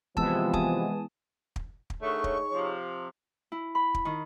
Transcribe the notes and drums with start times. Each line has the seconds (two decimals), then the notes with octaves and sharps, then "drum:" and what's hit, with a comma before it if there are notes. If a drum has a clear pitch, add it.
0.17 C3 E3 F3 G#3 B3 A5 E6, drum: kick
0.54 G#5 A5 D#6, drum: kick
1.56 drum: kick
1.90 drum: kick
2.02 D3 D#3 A3 D#4 G#4 C#5 C#6
2.24 drum: kick
2.53 C3 F3
3.52 E4
3.75 B5
3.95 drum: kick
4.05 D#3